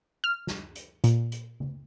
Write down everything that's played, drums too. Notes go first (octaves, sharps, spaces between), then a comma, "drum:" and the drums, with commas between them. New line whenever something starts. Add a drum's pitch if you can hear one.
F6
drum: snare
drum: hi-hat
A#2, drum: hi-hat
drum: hi-hat
drum: tom C#3